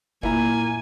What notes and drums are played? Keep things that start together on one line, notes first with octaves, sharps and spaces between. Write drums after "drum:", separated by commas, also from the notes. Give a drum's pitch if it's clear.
A#2 A#3 E4 G#5 A#5, drum: kick F#1